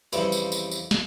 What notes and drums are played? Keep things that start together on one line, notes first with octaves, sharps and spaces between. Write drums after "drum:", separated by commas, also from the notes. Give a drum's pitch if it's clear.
F2 C#3 E3 G3 E4 F4, drum: tambourine
drum: tambourine
drum: tambourine
drum: tambourine
drum: snare